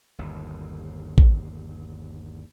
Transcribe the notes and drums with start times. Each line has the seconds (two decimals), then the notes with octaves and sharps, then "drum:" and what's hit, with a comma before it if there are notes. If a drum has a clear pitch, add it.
0.18 G1 D#2
1.18 drum: kick A1